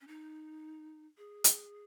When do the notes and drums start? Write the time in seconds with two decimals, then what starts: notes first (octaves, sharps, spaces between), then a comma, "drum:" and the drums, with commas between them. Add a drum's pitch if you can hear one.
0.01 C#4
0.07 D#4
1.18 G#4
1.44 drum: hi-hat